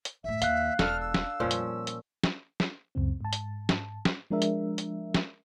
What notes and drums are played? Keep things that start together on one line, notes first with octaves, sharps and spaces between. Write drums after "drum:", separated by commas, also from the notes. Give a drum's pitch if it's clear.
drum: hi-hat
F#2 A2 E5
D#2 F5 F#6, drum: hi-hat
E1 D4 A4 F6, drum: snare
E6
drum: snare
F2 A#2 F3 G3 C#4
drum: hi-hat
drum: hi-hat
drum: snare
drum: snare
C#2 F#2 C#3 C4
G#2 A5
drum: hi-hat
drum: snare
drum: snare
F3 G#3 D4 A#4 E5
drum: hi-hat
drum: hi-hat
drum: snare